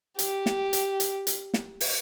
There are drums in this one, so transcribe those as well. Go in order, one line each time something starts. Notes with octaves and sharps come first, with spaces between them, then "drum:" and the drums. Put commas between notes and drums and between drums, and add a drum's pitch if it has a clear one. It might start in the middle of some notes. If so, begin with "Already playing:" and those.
G4, drum: hi-hat
drum: snare
drum: hi-hat
drum: hi-hat
drum: hi-hat
drum: snare
drum: open hi-hat